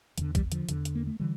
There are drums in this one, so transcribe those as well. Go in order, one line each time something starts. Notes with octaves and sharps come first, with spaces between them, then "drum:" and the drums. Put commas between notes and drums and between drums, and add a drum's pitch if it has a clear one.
E2 D3 E3, drum: hi-hat
E3 G3, drum: kick, hi-hat
D3 F3, drum: hi-hat
E2 D3, drum: hi-hat
drum: hi-hat
A#3
A3
D3 E3 G3